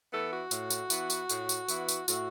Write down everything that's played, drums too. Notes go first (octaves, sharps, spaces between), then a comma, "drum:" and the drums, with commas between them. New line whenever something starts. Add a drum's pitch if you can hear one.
E3 B3 E4 A4
F#4
A2, drum: tambourine
drum: tambourine
E3 B3 E4, drum: tambourine
drum: tambourine
A2, drum: tambourine
drum: tambourine
E3 B3 E4, drum: tambourine
drum: tambourine
A2 F#4, drum: tambourine